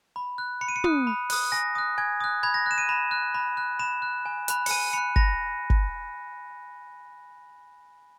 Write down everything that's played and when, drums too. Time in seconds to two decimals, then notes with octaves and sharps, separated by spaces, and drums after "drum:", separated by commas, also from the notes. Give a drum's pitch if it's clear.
0.16 B5
0.38 F#6
0.61 B5 C#7
0.68 D#7
0.76 C#7
0.84 D#6 F#6, drum: tom
1.07 B5
1.30 D#6 F#6, drum: open hi-hat
1.52 G#5 A#6
1.75 D#6 F#6
1.98 G#5 G#6
2.20 D#6 F#6
2.43 B5 G#6
2.54 A#6
2.66 F#6 E7
2.78 D#7
2.89 B5 E7
3.11 F#6
3.35 B5
3.57 F#6
3.79 B5 E7
4.02 F#6
4.25 G#5
4.48 B5 F#6, drum: hi-hat
4.66 C#7, drum: open hi-hat
4.70 G#5 D#7
4.93 B5 F#6 C#7
5.16 B5 A#6, drum: kick
5.70 drum: kick